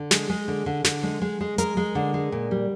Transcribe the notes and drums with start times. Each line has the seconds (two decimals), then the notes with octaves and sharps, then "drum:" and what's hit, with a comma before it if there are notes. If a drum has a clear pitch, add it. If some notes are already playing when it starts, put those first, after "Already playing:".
Already playing: D3
0.11 G#3 G#4, drum: snare
0.29 G#3
0.48 D3
0.66 D3
0.84 D3, drum: snare
1.03 G#3
1.22 G#3
1.41 G#3
1.58 G#3 A#4, drum: hi-hat
1.77 G#3
1.95 D3
2.14 G#3
2.32 A#2
2.51 G3